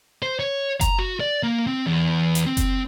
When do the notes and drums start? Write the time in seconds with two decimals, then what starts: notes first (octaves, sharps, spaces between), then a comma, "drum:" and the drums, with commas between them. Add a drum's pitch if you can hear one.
0.22 C5
0.40 C#5
0.81 A#5, drum: kick F#1, hi-hat
0.99 F#4
1.20 D5
1.43 A#3
1.67 C4
1.86 E2
2.35 drum: hi-hat
2.46 C4
2.57 drum: kick F#1, hi-hat